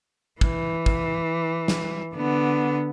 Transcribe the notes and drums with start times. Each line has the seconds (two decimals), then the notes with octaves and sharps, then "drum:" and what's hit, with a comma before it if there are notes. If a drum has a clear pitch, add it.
0.41 E3, drum: kick
0.86 drum: kick
1.68 drum: snare
2.14 D3 B3